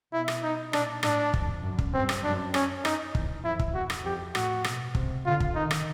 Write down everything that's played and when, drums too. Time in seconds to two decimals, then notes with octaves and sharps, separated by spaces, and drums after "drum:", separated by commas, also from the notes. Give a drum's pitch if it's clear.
0.13 B2 E4
0.28 drum: rim click
0.43 D#4
0.73 A#2 D4, drum: rim click
1.03 A2 D4, drum: rim click
1.34 F2, drum: kick
1.63 F#2
1.79 drum: kick
1.94 G2 C4
2.09 drum: rim click
2.23 F#2 D4
2.54 C#4, drum: rim click
2.85 D#4, drum: rim click
3.15 E2, drum: kick
3.44 F2 E4
3.59 drum: kick
3.74 E2 F#4
3.90 drum: rim click
4.05 F2 G4
4.35 A2 F#4, drum: rim click
4.64 B2, drum: rim click
4.95 C3, drum: kick
5.26 D3 F4
5.40 drum: kick
5.55 D#3 D#4
5.71 drum: rim click